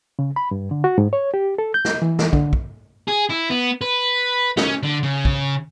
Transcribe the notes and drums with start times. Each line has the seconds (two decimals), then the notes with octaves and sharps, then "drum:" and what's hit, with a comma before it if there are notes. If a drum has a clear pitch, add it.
0.19 C#3
0.36 B5
0.51 G2
0.71 D3
0.84 F#4
0.98 G#2
1.13 C#5
1.34 G4
1.58 A4
1.74 G6
1.85 drum: snare
2.02 E3
2.19 drum: snare
2.33 D3, drum: kick
2.53 drum: kick
3.08 G#4
3.29 E4
3.50 B3
3.81 B4
4.57 C#4, drum: snare
4.83 D3
5.03 C#3
5.25 drum: kick